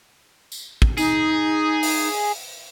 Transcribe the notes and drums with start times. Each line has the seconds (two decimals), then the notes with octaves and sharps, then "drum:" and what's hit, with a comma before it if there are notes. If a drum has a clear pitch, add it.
0.52 drum: tambourine
0.82 drum: kick
0.98 D#4 G#4, drum: tambourine
1.83 drum: open hi-hat